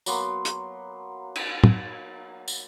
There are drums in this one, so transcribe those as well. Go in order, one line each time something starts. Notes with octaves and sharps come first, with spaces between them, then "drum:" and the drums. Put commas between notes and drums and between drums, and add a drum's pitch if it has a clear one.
F#3 A#3 B3 C6, drum: tambourine
drum: hi-hat
drum: cymbal
drum: tom
drum: tambourine